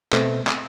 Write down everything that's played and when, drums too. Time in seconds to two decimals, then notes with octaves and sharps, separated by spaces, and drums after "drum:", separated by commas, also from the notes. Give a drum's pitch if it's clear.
0.13 B2 A3 C4, drum: clap
0.47 drum: clap